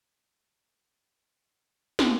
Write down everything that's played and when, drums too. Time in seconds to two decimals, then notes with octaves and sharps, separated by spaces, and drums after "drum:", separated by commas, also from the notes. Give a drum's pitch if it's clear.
0.25 B2 F#3
0.43 D4 D5
0.71 F#3 A4
1.21 D1 A2 C4 D#4 A4
1.99 drum: snare